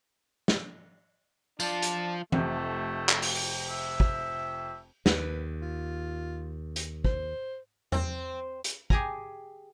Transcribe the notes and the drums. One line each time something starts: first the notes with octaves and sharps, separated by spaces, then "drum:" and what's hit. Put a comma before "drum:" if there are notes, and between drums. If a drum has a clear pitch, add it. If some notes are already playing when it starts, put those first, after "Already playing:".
drum: snare
F3 D4 F4 D5 A5, drum: tambourine
drum: hi-hat
F1 F2 C3 A3, drum: tom E3
drum: clap
drum: open hi-hat
E5
drum: kick
D#2 B4, drum: snare
F4
drum: hi-hat
C5, drum: kick
C4, drum: tom E2
drum: hi-hat
G4 G#4 G#5 A#5, drum: kick